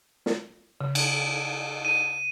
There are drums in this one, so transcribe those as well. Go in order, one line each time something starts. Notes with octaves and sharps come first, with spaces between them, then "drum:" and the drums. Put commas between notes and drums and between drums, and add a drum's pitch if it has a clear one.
drum: snare
C#3
drum: cymbal
D#7